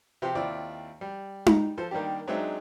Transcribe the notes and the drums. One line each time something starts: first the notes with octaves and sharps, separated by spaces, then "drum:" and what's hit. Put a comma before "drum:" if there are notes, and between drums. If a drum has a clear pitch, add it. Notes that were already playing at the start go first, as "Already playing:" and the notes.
C3 F3 G4 C6
D#2 C4 E4 F4 D5
G3
drum: tom D#4
F3 A4 C5
D#3 G3 A#3 D4 G4
F#3 G#3 C4 D4 D#4 E5